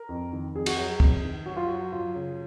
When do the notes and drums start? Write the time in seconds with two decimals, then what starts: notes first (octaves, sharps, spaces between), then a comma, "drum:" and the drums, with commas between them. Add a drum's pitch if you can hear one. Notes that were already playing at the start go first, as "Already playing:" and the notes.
Already playing: A#4
0.09 F2
0.33 D#3
0.55 F2 G#4
0.66 F#4, drum: cymbal
0.78 F#3 G#4
1.00 F2, drum: kick
1.24 D#3
1.46 F#2 F#4
1.57 F4
1.67 F#3 F#4
1.92 F#2 F4
2.15 C#3